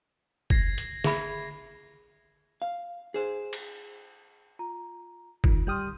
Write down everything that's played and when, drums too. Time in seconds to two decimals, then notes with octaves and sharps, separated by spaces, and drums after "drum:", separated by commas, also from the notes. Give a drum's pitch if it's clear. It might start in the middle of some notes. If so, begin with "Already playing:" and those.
0.50 G#6 A#6 C7, drum: kick F#1
0.78 drum: hi-hat
1.04 G#4 E5 B5, drum: snare
2.62 F5
3.14 G#4 C5
3.53 drum: cymbal
4.59 F4 A#5
5.44 D#3 F4, drum: kick F#1
5.67 G3 G4 C6 D#6 F6 G6